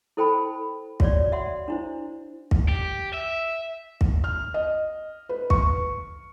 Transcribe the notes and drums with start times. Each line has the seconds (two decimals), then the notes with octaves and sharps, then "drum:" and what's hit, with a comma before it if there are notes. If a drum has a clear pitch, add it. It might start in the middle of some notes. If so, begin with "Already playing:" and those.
0.17 E4 A4 C5 G5 A5 B5
1.00 F#4 C#5 D5, drum: kick
1.32 E5 F#5 C6
1.68 D4 E4 C5
2.51 drum: kick
2.69 G4
3.14 E5
4.01 drum: kick
4.24 F6
4.54 D#5
5.29 B4
5.50 C#6, drum: kick